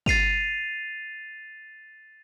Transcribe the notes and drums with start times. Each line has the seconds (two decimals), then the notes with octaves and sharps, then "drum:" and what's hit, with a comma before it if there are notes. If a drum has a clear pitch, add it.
0.06 A6 C7 D#7 F7, drum: kick